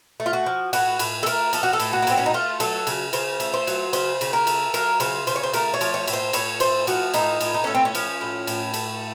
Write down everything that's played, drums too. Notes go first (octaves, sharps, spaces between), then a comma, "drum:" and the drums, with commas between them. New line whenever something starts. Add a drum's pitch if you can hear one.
A3
F4
F#4
F3
A2 F#4, drum: cymbal
A2, drum: cymbal
A4
A3 A#4, drum: cymbal
F3 A4, drum: cymbal
F#4
A4
A2, drum: cymbal
F#4
A#3
A2 C4, drum: cymbal
C#4
D#4
A3 F4
F#3 A4, drum: cymbal
C#3, drum: cymbal
C#3 C5, drum: cymbal
A3, drum: cymbal
C5
F#3, drum: cymbal
C#3 C5, drum: cymbal
C#3, drum: cymbal
A#4
A3, drum: cymbal
F#3 A#4, drum: cymbal
C#3 C5, drum: cymbal
C#3 C5, drum: cymbal
C#5
C5
A3 A#4, drum: cymbal
C#5
F3, drum: cymbal
C#5
A2, drum: cymbal
C5
A2 C#5, drum: cymbal
A3 C5, drum: cymbal
F3 F#4, drum: cymbal
A2 D#4, drum: cymbal
A2, drum: cymbal
D#4
A3 C#4
C4
C#4
F3, drum: cymbal
A2
A2, drum: cymbal
A3, drum: cymbal